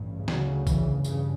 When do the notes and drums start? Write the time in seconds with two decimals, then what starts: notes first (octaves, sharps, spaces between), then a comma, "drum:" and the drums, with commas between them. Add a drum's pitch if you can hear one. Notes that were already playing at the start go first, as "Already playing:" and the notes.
Already playing: A1 G2
0.28 D2 C#3 F#3, drum: snare
0.67 E3, drum: kick, tambourine
1.04 G2 C#3, drum: tambourine